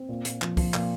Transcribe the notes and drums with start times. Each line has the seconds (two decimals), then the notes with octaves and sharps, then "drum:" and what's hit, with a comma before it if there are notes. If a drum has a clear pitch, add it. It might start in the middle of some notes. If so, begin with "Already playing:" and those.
Already playing: C4
0.09 A#2
0.25 A#2, drum: hi-hat
0.42 F3, drum: clap
0.57 F3, drum: kick, open hi-hat
0.74 A#2, drum: clap